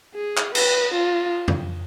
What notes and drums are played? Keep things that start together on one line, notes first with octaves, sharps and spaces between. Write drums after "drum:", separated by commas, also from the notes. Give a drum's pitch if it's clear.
G#4
drum: clap
B4, drum: cymbal
F4
drum: tom F2